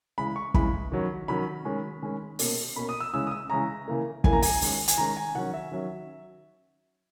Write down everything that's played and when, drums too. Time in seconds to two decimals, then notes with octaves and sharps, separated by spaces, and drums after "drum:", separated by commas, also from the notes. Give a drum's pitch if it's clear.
0.18 C#3 E3 G#3 B5
0.36 C#6
0.54 C#3 E3 G#3 B5, drum: kick
0.92 D#3 F#3 C#4
1.28 D#3 F#3 C#4 B5
1.65 D#3 G#3 C#4
2.02 D#3 G#3 C#4
2.39 B2 A#3 C#4, drum: open hi-hat
2.76 B2 A#3 C#4 B5
2.89 D#6
3.00 E6
3.13 C#3 E3 G#3 C#4 E6
3.27 D#6
3.31 E6
3.50 C#3 E3 G#3 C#4 A#5
3.88 C#3 E3 A#3
4.24 C#3 E3 A#3 G#5, drum: kick
4.33 A#5
4.42 G#5, drum: open hi-hat
4.62 D#3 G#3 C#4, drum: open hi-hat
4.88 G#5, drum: hi-hat
4.97 D#3 G#3 C#4 A#5
5.17 G#5
5.35 D#3 F#3 C#4 F#5
5.54 E5
5.72 D#3 F#3 C#4